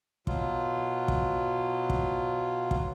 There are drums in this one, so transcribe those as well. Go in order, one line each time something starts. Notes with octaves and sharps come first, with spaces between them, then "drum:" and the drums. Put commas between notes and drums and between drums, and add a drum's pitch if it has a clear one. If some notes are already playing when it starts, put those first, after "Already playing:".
B2 F#3 F4, drum: kick
drum: kick
drum: kick
drum: kick